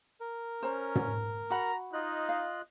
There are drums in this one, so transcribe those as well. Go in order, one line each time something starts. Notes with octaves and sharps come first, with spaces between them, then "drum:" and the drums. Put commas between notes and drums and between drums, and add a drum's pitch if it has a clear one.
A#4
C#4 C5 A#5
drum: tom
F#4 F#5 A#5 B5
D#4 F4 D#5 F#6
F5